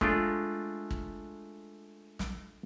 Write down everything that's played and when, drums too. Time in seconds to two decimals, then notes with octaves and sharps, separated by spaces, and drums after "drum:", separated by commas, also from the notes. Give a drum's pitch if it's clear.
0.01 G#3 A3 D4 F4 D5, drum: kick
0.91 drum: kick
2.19 drum: snare